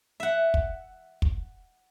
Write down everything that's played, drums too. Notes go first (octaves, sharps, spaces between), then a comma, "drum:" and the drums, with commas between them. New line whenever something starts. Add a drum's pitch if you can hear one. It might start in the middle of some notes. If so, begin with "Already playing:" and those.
E5 F#5
drum: kick
drum: kick